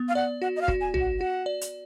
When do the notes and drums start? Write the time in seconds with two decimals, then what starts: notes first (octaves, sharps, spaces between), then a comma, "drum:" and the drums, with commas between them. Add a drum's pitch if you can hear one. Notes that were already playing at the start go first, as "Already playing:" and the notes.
Already playing: B3
0.09 F5
0.15 D5 F#5
0.42 F#4 F#5
0.56 D#5
0.61 F5
0.68 F#4, drum: kick
0.81 G#5
0.94 F#4, drum: tom
1.00 F#5
1.20 F#4 F#5
1.46 D5
1.61 drum: hi-hat